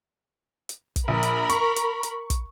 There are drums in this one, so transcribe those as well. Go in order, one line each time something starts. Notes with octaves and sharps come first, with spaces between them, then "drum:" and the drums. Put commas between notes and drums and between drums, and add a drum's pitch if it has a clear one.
drum: hi-hat
drum: kick, hi-hat
A#1 A#4 B5
drum: hi-hat
C#6, drum: hi-hat
drum: hi-hat
drum: hi-hat
drum: kick, hi-hat